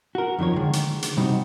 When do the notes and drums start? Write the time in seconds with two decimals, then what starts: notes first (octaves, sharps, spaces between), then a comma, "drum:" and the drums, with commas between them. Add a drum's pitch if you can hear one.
0.15 F#4 A#4
0.39 F2 D#3 F3 C#5
0.56 D3 D#3 G#3
0.73 drum: hi-hat
1.02 drum: hi-hat
1.17 C3 G3 D#4 F#4